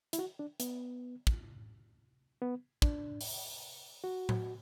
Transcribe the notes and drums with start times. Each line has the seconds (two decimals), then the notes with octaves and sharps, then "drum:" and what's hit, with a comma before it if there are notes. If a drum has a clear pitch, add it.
0.13 E4, drum: hi-hat
0.19 F#4
0.39 D4
0.60 B3, drum: hi-hat
1.27 drum: kick
2.42 B3
2.82 D4, drum: kick
3.21 drum: open hi-hat
4.04 F#4
4.29 drum: tom A2